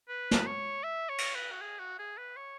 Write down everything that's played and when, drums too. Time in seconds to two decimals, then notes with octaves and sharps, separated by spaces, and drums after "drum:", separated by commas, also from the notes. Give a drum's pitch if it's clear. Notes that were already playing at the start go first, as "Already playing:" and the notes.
0.09 B4
0.31 drum: snare
0.47 C#5
0.84 E5
1.09 C#5
1.18 drum: cymbal
1.35 B4
1.52 F#4
1.61 G#4
1.79 F#4
1.99 G#4
2.18 B4
2.37 C#5